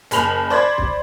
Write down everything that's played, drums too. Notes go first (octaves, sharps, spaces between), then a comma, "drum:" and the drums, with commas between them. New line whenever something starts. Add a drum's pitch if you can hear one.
F#1 G#4 B5 F7 F#7, drum: hi-hat
C5 D5 B5 G#6
drum: kick